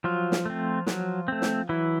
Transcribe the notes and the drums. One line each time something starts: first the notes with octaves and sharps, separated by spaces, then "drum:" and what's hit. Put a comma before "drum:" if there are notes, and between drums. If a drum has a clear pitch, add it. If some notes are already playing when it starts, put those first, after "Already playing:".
F3 F#3 F4
drum: snare
A3 C4
F#3, drum: snare
A3 C4
drum: snare
E3 F#3 E4